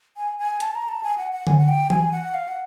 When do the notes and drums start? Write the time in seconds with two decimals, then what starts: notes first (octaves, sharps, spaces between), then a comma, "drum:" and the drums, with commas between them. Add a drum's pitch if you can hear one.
0.17 G#5
0.38 G#5
0.60 A5, drum: hi-hat
0.75 A#5
0.88 A5
1.03 G#5
1.18 F#5
1.32 F#5
1.47 G#5, drum: tom D3
1.58 F#5
1.68 G5
1.90 G#5, drum: tom E3
2.12 F#5
2.34 F5
2.48 F#5